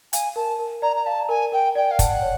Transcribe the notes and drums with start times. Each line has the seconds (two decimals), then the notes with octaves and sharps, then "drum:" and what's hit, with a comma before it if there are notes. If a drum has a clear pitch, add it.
0.13 F5 G#5, drum: hi-hat
0.36 A#4 A5
0.59 A#4
0.82 D5 A#5
0.96 A#5
1.06 F5 A5
1.29 A#4 G#5
1.52 A#4 G5
1.75 D5 G5
1.91 F5
1.99 F#5 A5, drum: kick, hi-hat
2.22 C#5